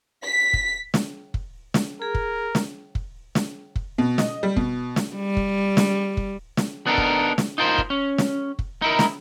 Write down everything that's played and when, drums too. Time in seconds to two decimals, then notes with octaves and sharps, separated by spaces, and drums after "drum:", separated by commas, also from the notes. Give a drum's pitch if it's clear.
0.24 B6
0.53 drum: kick
0.94 drum: snare
1.34 drum: kick
1.74 drum: snare
2.02 G#4 A#4
2.14 drum: kick
2.55 drum: snare
2.95 drum: kick
3.35 drum: snare
3.76 drum: kick
3.98 B2
4.18 D#5, drum: snare
4.43 G3
4.56 B2, drum: kick
4.96 drum: snare
5.15 G3
5.37 drum: kick
5.77 drum: snare
6.17 drum: kick
6.57 drum: snare
6.86 B3 D4 D#4 A4 A#4
6.98 drum: kick
7.38 drum: snare
7.58 D#4 F4 A#4 C5
7.78 drum: kick
7.90 C#4
8.18 drum: snare
8.59 drum: kick
8.82 D#4 E4 A#4
8.99 drum: snare